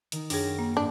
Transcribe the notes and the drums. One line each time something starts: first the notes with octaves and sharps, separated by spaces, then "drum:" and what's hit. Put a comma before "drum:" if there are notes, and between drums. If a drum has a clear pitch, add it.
D#3 D#4, drum: hi-hat
F#2 D4 G#4 G5 A#6, drum: open hi-hat
A#3
G#2 D4